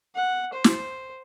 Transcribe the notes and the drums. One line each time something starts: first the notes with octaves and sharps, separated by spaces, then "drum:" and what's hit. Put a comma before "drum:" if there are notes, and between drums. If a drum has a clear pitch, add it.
F#5
C5
drum: snare